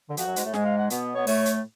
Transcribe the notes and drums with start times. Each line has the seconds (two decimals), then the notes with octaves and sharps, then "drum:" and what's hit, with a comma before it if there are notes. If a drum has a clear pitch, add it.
0.09 D3
0.17 F2 F3 F#4, drum: hi-hat
0.26 F#2 F#3
0.36 G#2 G#3, drum: hi-hat
0.45 A2 A3
0.54 G#2 G#3 G#4, drum: snare
0.66 F5
0.78 F#5
0.90 B2 B3, drum: hi-hat
1.14 B3 C#5
1.27 A2 A3 C#5, drum: open hi-hat
1.46 drum: hi-hat